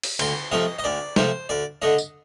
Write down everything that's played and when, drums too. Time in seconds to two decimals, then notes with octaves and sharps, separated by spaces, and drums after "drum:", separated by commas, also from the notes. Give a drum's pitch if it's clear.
0.03 drum: open hi-hat
0.19 D2 C6, drum: cymbal
0.52 C3 F3 A3 D#5
0.79 D#5
0.84 D2 D5
1.16 C3 F3 A3 C5, drum: snare
1.49 D2 D5
1.82 D3 A3 D4 D#5
1.98 drum: tambourine